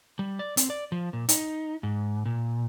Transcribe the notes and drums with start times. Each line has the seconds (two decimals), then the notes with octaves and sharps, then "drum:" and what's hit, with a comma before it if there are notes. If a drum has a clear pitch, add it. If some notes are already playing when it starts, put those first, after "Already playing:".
0.19 G3
0.39 D5
0.57 C4, drum: hi-hat
0.70 D5
0.92 F3
1.13 A#2
1.29 D#4, drum: hi-hat
1.83 G#2
2.25 A#2